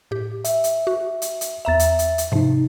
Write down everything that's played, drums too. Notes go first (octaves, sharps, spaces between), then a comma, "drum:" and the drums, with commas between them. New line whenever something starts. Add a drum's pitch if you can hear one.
A2 G4
E5, drum: hi-hat
drum: hi-hat
F#4
drum: hi-hat
drum: hi-hat
E2 E5 A#5 A6 E7
drum: hi-hat
drum: hi-hat
drum: hi-hat
G#2 C3 F3 D#4